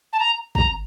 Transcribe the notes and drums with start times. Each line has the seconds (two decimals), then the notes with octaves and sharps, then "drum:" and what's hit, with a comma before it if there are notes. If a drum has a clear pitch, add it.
0.13 A5
0.19 A#5
0.55 A#5, drum: kick